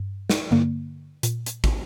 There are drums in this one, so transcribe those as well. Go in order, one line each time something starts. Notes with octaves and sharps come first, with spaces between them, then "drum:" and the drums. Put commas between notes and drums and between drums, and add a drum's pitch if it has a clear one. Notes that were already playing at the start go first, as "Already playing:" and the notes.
Already playing: G2
drum: snare
G2 D3 A#3
A#2, drum: hi-hat
drum: hi-hat
drum: kick